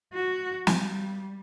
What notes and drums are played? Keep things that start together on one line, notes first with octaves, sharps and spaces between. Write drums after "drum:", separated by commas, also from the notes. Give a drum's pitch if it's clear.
F#4
G3, drum: snare